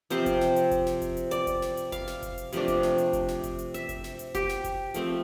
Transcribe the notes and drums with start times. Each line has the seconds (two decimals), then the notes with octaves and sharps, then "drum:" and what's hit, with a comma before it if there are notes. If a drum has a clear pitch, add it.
0.10 C3 F3 C4 C5, drum: hi-hat
0.26 drum: kick F#1, hi-hat
0.41 drum: snare
0.56 drum: hi-hat
0.71 drum: kick F#1, hi-hat
0.87 drum: snare
1.02 drum: kick F#1, hi-hat
1.17 drum: hi-hat
1.31 D5, drum: hi-hat
1.47 drum: kick F#1, hi-hat
1.62 drum: snare
1.77 drum: hi-hat
1.92 F5, drum: kick F#1, hi-hat
2.07 drum: snare
2.23 drum: kick F#1, hi-hat
2.38 drum: hi-hat
2.53 C3 F3 A3 D4, drum: hi-hat
2.68 drum: kick F#1, hi-hat
2.83 drum: snare
2.98 drum: hi-hat
3.13 drum: kick F#1, hi-hat
3.28 drum: snare
3.43 drum: kick F#1, hi-hat
3.59 drum: hi-hat
3.74 E5, drum: hi-hat
3.89 drum: kick F#1, hi-hat
4.04 drum: snare
4.19 drum: hi-hat
4.35 G4, drum: kick F#1, hi-hat
4.49 drum: snare
4.64 drum: kick F#1, hi-hat
4.94 F3 A3 C4, drum: hi-hat